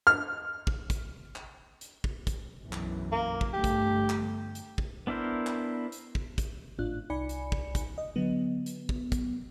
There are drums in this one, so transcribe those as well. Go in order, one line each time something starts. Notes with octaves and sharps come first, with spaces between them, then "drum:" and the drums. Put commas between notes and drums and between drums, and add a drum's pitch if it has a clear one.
F6
drum: kick
drum: kick, hi-hat
drum: clap
drum: hi-hat
drum: kick
drum: kick, hi-hat
B1 F#2 E3
drum: clap
A#3
drum: kick
G1 G2 A3 G4
drum: kick, hi-hat
drum: clap
drum: hi-hat
drum: kick
B3 D4 E4 A#4 C5
drum: clap
drum: hi-hat
drum: kick
drum: kick, hi-hat
G#1 A2 D4 F4 F#6
C2 D#4 D5 G#5 B5 C#7
drum: hi-hat
drum: kick
drum: kick, hi-hat
D#5
D3 F#3 B3
drum: hi-hat
drum: kick
drum: kick, hi-hat